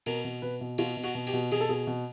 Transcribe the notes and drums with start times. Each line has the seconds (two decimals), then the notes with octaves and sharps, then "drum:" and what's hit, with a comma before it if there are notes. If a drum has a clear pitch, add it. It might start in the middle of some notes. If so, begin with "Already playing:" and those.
0.06 B2 A#4, drum: cymbal
0.24 B2
0.42 B2 B4
0.61 B2
0.78 B2 F4, drum: cymbal
0.97 B2
1.04 F#4, drum: cymbal
1.14 B2
1.27 G4, drum: cymbal
1.33 B2
1.52 B2 G#4, drum: cymbal
1.60 A4
1.69 B2 G#4
1.87 B2